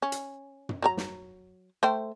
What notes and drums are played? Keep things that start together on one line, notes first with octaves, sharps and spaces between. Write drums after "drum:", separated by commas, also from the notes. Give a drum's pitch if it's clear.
C#4
drum: hi-hat
drum: tom
F#3 A#4 A#5
drum: snare
A3 C5 G5